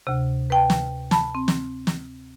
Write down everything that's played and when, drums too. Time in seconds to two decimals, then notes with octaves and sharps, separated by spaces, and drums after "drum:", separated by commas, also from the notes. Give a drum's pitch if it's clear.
0.07 D2 C3
0.50 B4 G5 A5
0.70 drum: snare
1.11 A5 B5, drum: snare
1.35 C4
1.48 drum: snare
1.87 drum: snare